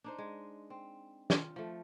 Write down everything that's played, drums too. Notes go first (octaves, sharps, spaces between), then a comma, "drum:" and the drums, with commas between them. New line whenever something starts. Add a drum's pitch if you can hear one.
D4 D#4 C5
G#3
C4
F4, drum: snare
F3 A3